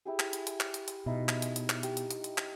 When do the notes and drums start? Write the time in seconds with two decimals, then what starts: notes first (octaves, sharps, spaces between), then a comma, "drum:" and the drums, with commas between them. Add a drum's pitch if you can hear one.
0.05 E4 G4 G#4
0.19 drum: clap
0.33 drum: hi-hat
0.47 drum: hi-hat
0.60 drum: clap
0.74 drum: hi-hat
0.88 drum: hi-hat
1.06 B2 D#4 E4 D#5
1.29 drum: clap
1.42 drum: hi-hat
1.56 drum: hi-hat
1.70 drum: clap
1.83 G4, drum: hi-hat
1.97 drum: hi-hat
2.11 drum: hi-hat
2.24 drum: hi-hat
2.38 drum: clap